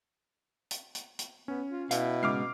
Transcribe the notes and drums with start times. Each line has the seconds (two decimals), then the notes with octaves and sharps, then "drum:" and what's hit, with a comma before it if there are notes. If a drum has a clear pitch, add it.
0.71 drum: hi-hat
0.95 drum: hi-hat
1.19 drum: hi-hat
1.48 B3 C#4
1.70 F4
1.91 B2 E4 F5, drum: hi-hat
2.23 G#2 C#3 D6 F6 C7